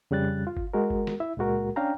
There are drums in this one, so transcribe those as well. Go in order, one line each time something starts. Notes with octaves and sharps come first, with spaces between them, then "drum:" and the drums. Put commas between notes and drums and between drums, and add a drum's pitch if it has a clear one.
F2 C#3 G3 F#6 A6
F4
drum: kick G1
G#3 F#4 A#4
drum: kick G1
drum: snare
E4 E5
C#2 A#2 G#3 F#4 A#4
C#4 D4 F5 G5 A#5